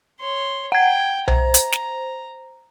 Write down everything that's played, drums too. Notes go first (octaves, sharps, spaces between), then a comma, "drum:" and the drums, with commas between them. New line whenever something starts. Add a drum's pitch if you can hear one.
C#5 C6
F#5 G5 G#6
C5 A#5, drum: tom B1
drum: hi-hat
drum: snare